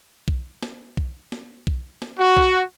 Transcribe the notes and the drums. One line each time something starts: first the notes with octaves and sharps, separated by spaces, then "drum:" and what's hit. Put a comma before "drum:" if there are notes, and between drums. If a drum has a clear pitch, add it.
drum: kick B1
drum: snare
drum: kick B1
drum: snare
drum: kick B1
drum: snare
F#4
drum: kick B1